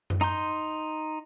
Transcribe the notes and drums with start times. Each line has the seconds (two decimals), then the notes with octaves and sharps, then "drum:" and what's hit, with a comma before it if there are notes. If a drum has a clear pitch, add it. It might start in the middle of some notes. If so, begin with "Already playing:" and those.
0.10 drum: tom F#2
0.21 D#4 A#5 C6 G6